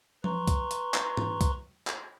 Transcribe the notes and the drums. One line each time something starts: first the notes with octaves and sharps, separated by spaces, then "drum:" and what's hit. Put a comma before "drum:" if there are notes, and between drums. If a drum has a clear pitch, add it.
B4 A#5 C6 C#6, drum: tom F3
drum: kick C2, hi-hat
drum: hi-hat
drum: clap
drum: tom G#2
drum: kick C2, hi-hat
drum: clap